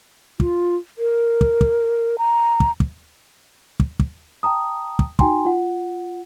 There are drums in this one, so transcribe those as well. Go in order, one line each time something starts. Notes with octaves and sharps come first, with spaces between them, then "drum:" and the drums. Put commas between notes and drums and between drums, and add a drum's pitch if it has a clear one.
F4, drum: kick
A#4
drum: kick
drum: kick
A#5
drum: kick
drum: kick
drum: kick
drum: kick
G5 A5 A#5 D#6
drum: kick
D#4 F#4 G5 G#5 A#5 C6, drum: kick
F4 F#5